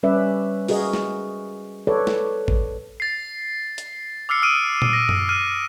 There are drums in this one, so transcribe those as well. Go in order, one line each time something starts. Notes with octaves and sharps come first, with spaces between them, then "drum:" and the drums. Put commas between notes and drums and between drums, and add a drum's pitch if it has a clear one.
G3 C#4 B4 D5 E5
F#4 G#4 A#4 D#5, drum: open hi-hat
drum: snare
A4 B4 C#5 D5
drum: snare
drum: kick
A6 C7
drum: hi-hat
D6 E6 F6 C7 C#7
D#6 F6 D7 D#7
drum: tom A#2
A#6
drum: tom F#2
F6 D#7